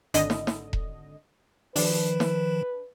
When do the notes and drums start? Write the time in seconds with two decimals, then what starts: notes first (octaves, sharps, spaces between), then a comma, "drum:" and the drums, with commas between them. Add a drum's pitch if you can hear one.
0.14 G#1 D3 D#5, drum: hi-hat
0.30 drum: snare
0.47 drum: snare
0.73 drum: kick E1
1.76 D#3 F3 D4 B4, drum: open hi-hat
2.20 drum: snare